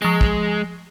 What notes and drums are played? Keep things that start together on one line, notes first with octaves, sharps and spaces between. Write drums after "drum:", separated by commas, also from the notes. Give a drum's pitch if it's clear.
F3 G#3 A#6
drum: kick